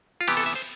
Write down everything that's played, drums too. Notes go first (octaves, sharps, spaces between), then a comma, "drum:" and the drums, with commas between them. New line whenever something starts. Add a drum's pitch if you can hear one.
F4
C3 E3 B3 G4, drum: cymbal
A4
E5
C5